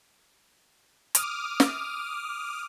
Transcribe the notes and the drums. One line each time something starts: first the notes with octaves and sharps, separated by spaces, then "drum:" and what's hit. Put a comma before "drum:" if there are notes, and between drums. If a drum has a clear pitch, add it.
D6 D#6 F6, drum: hi-hat
drum: snare